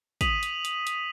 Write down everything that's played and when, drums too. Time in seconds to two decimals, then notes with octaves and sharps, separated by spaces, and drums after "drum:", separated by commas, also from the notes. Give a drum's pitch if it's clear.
0.21 D#6 B6 D#7 F7 F#7, drum: kick, hi-hat
0.43 drum: hi-hat
0.65 drum: hi-hat
0.87 drum: hi-hat